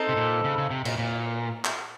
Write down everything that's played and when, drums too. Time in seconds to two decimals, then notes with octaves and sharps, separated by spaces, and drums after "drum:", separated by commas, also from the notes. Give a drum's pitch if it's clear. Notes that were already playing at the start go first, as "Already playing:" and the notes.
Already playing: C4 D#4 A4
0.09 C3
0.16 A#2
0.44 C#3
0.58 C#3
0.71 C3
0.85 A#2, drum: cymbal
0.98 A#2
1.65 drum: clap